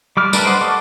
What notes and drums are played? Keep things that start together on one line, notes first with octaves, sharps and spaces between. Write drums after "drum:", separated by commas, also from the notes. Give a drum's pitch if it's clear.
G3 D6 F6
G3 A3 D4 A#4 B4, drum: tambourine
B4 C5 D5 D#5 F#5
A4 D5 F#5 C#6 D6